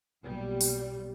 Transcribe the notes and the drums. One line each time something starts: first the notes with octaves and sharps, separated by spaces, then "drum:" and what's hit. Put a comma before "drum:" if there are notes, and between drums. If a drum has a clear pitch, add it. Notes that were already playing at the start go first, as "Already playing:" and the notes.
B1 A#2 G3
drum: open hi-hat